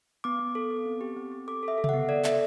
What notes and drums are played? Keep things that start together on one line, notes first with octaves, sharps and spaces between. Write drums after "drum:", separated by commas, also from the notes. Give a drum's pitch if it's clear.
B3 D6
B3
A4
B3
C4
G4
C4
G4
A4 D6
A4
E5
A4
E5, drum: tom C3
B3 F#5
A4 D5
A4 E5, drum: clap